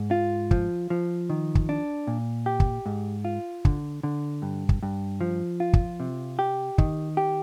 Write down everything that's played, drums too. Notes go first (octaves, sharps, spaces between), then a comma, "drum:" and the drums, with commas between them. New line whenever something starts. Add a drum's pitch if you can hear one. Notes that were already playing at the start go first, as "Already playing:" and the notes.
Already playing: G#2
F4
F3, drum: kick
F3
D#3
drum: kick
D4
A#2
G4
drum: kick
G#2
F4
D3, drum: kick
D3
G2
drum: kick
G2
F3
F4
drum: kick
C3
G4
D#3, drum: kick
G4